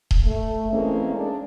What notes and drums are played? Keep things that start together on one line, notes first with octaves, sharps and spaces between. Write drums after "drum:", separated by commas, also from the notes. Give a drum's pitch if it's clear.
drum: kick D#1
A3
E3 G#3 A#3 C4 C#4
G#3 D4